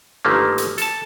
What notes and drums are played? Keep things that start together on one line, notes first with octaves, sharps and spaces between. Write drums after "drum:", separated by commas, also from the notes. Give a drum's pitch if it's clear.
G1 D#3 F3 A3 A#3
drum: hi-hat
A4 A5, drum: hi-hat